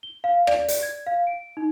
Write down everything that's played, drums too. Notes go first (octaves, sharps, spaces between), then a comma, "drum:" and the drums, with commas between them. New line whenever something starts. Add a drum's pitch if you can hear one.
G7
F5
D5, drum: rim click
drum: hi-hat
G#6
F5
D7
D#4